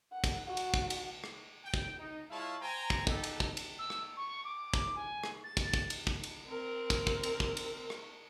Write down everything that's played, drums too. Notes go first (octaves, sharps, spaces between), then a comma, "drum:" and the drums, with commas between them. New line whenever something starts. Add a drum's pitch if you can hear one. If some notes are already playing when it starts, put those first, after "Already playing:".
F#5
drum: kick, cymbal
F#4
drum: cymbal
drum: kick
drum: cymbal
drum: rim click
G5
drum: kick
D#4
G#3 E4 F4 C#5 F5 A5
C5 G5 G#5 A#5
drum: kick
B3 D#4 G4 A4, drum: kick
drum: cymbal
drum: kick
drum: cymbal
E6
drum: rim click
C#6
D6
drum: kick
G#5
drum: rim click
A6
drum: kick, cymbal
drum: kick
drum: cymbal
drum: kick
drum: cymbal
C4 A#4
drum: kick, cymbal
drum: kick
drum: cymbal
drum: kick
drum: cymbal
drum: rim click